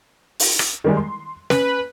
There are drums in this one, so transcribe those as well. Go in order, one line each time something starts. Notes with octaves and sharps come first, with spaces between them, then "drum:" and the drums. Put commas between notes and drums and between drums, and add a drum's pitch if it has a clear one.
drum: open hi-hat
drum: rim click
D#3 G3 G#3
C6
C#4 B4, drum: snare